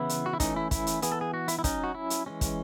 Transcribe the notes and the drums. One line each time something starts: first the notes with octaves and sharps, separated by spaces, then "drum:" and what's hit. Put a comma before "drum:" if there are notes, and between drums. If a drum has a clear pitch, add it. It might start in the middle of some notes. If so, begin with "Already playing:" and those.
Already playing: C#3 E3 B3 E4
drum: hi-hat
F#4
E4
E3 A3 C#4 D#4, drum: kick, hi-hat
E4
E4, drum: kick, hi-hat
drum: hi-hat
E3 B3 G#4, drum: hi-hat
A4
G#4
F#4
E4, drum: hi-hat
E4
F#3 C#4 D#4, drum: kick, hi-hat
F#4
E4
drum: hi-hat
E3 G#3 C#4
drum: kick, hi-hat